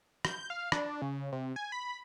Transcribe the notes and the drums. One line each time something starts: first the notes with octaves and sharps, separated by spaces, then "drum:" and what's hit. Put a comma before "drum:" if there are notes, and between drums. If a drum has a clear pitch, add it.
G6, drum: rim click
F5
D4, drum: rim click
C#3
C3
G#5
B5